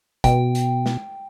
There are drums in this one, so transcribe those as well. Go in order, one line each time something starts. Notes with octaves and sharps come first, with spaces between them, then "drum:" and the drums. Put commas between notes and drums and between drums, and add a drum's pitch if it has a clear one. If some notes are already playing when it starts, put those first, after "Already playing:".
B2 G5, drum: kick, hi-hat
drum: hi-hat
drum: snare